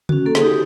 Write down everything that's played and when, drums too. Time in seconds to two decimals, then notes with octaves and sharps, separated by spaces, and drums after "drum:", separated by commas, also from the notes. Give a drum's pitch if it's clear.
0.09 C#4 F#4, drum: tom C#3
0.26 A#3 A4
0.35 G#4, drum: snare
0.42 D#4 F#4 G4